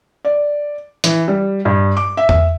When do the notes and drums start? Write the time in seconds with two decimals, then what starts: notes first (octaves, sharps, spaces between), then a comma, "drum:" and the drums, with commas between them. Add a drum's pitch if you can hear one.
0.25 D5
1.04 E3, drum: hi-hat
1.28 G3
1.65 G2
1.97 D6
2.17 E5
2.29 drum: tom E2